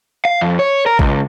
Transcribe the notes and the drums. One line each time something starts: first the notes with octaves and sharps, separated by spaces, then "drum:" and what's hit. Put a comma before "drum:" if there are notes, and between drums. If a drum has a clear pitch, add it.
F5
F2
C#5
A#4
C#2, drum: kick